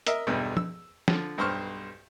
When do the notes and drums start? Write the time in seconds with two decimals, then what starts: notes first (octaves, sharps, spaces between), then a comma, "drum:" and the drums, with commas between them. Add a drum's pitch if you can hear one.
0.07 A#4 D#5 E5, drum: hi-hat
0.27 B1 E2 G2 B2
0.57 E6, drum: tom F3
1.08 D3 F3, drum: snare
1.38 B1 G2 C5 C#6 F6